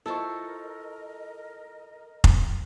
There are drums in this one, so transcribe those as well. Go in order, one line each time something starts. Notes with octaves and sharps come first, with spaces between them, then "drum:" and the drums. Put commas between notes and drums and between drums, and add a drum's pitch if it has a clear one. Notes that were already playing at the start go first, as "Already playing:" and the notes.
E4 F4 A4 A#4 C5 D#5 C#6
drum: kick F1